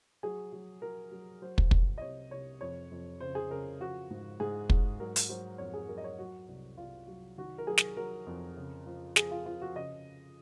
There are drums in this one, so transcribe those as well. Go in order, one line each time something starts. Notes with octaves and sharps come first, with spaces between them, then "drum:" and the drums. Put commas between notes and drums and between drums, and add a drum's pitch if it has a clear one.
F#3 G#4
F#3
F#3 A#4
F#3
F#3 C5
drum: kick
C2, drum: kick
D#5
C3 C#5
C3 C#5
F2 C#5
F2
C#3 C5
G#4
C#3 A#4
F3 F#4
G#2
G#2 G#4
G#2, drum: kick
F#3 A#4
drum: hi-hat
F#3 C5
F2 C#5
G#4
F#3 A#4
D#5
C#5
F#3 F#4
C2
C2 F4
F#3
D#3 F#4
A#4
F#3 G#4
drum: snare
F#3 A#4
F2
C#3
F3
F3 G#4, drum: snare
F4
F3 F4
F#4
C#3 D#5